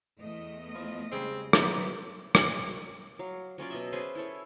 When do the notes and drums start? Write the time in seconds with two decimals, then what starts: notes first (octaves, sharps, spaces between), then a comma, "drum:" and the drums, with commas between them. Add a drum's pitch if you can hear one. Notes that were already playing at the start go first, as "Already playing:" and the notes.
0.18 E2 A3 D#5
0.75 F3 B3
1.12 C#3 G3 G#3 C4 G#4
1.53 D#3 E3 F#3 B3 A#5, drum: rim click
2.35 drum: rim click
3.19 F#3 F5
3.58 F#3 C#4 F4 D5
3.70 B2 D#5 E5
3.93 C#4 G#4 B4 C5
4.15 E4 A4 C#5